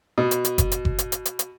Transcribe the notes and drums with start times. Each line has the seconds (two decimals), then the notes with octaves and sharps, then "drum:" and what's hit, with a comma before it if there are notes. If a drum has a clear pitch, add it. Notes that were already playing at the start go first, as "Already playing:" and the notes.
0.18 B2
0.31 drum: hi-hat
0.45 drum: hi-hat
0.58 drum: kick F#1, hi-hat
0.72 drum: hi-hat
0.85 drum: kick F#1
0.98 drum: hi-hat
1.12 drum: hi-hat
1.25 drum: hi-hat
1.39 drum: hi-hat